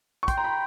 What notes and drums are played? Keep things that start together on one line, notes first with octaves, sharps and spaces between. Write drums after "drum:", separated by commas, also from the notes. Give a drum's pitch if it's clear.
C#6
G5 C6, drum: kick, hi-hat
A#5
B5